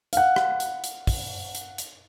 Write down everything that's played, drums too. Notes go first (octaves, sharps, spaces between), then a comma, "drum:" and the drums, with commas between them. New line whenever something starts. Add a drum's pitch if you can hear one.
F5 F#5, drum: hi-hat
drum: rim click
drum: hi-hat
drum: hi-hat
drum: kick, open hi-hat
drum: hi-hat
drum: hi-hat